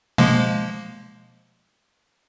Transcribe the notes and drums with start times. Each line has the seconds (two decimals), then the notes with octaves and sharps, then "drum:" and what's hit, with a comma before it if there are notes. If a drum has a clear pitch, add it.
0.18 F3 G#3 A#3, drum: tom B2